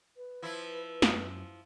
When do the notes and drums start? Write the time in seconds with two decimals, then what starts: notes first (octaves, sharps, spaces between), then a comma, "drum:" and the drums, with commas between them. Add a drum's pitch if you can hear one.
0.17 B4
0.43 F3 E4
1.02 F#2, drum: snare